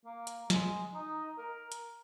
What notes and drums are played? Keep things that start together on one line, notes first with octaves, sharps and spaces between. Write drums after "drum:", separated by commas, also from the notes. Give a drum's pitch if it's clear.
A#3
drum: hi-hat
G#3, drum: snare
D#4
A#4
drum: hi-hat